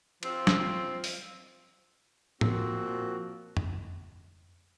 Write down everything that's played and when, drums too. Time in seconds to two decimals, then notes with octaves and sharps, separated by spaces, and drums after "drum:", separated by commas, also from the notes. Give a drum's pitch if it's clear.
0.23 F3 C4 F4, drum: cymbal
0.47 drum: snare
1.04 drum: open hi-hat
2.41 A#2 F3 C4 F#4, drum: tom
3.57 drum: tom F2